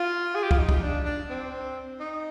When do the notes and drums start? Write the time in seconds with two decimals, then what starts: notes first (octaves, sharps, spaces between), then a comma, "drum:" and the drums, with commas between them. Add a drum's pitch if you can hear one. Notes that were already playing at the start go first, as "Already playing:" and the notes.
Already playing: F4
0.35 G#4
0.43 G4
0.51 F4, drum: kick
0.58 D#4
0.69 drum: kick
0.82 D4
1.05 D4
1.30 C4
2.00 D#4